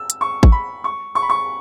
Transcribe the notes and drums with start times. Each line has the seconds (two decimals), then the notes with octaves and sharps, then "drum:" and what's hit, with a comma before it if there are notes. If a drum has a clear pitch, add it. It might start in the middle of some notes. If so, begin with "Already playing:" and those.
Already playing: E6
0.10 drum: hi-hat
0.21 C#6
0.43 drum: kick G#1
0.52 B5
0.84 C#6
1.15 C#6
1.22 B5
1.30 C#6